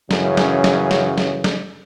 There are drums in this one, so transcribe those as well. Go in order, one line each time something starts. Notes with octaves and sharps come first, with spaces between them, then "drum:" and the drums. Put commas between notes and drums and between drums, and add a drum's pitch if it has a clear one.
F#2 C#3 E3, drum: snare
drum: snare
drum: snare
drum: snare
drum: snare
drum: snare